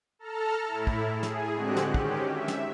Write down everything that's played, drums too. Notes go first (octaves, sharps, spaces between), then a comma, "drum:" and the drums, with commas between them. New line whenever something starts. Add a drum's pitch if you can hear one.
A4 A5 A#5 F6
A2 E4
drum: kick
G#4
drum: snare
D3 G#3 C4 F#4 G4 F#6
drum: snare
D#3 C#4 G4, drum: kick
E5
drum: snare